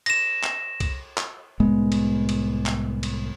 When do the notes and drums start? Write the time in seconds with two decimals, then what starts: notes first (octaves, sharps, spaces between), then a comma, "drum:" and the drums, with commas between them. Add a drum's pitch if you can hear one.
0.06 A#6 E7, drum: cymbal
0.43 drum: clap
0.80 drum: kick C2, cymbal
1.18 drum: clap
1.60 C2 A2 G#3 B3
1.92 drum: cymbal
2.29 drum: cymbal
2.66 drum: clap
3.03 drum: cymbal